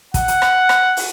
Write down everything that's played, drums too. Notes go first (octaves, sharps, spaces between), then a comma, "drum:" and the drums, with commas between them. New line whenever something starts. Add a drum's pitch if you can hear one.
F#5, drum: kick, hi-hat
drum: hi-hat
drum: rim click
drum: rim click
drum: open hi-hat